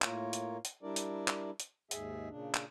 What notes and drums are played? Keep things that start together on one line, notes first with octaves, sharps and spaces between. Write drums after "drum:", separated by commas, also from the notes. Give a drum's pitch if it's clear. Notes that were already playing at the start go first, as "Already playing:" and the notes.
A2 A#3 F4 A#4 C#5, drum: clap
drum: hi-hat
drum: hi-hat
G3 D4 E4 A#4 D5
drum: hi-hat
drum: clap
drum: hi-hat
D#2 G#2 G#4 E5, drum: hi-hat
A#2 C#3 D4
drum: clap